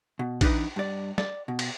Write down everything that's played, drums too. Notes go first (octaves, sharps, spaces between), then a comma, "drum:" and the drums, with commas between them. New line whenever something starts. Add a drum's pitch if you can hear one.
B2
E3 D4 D#4 G#4 B4 D#5, drum: kick A#1, cymbal
G2 D5
D5, drum: snare
B2
drum: cymbal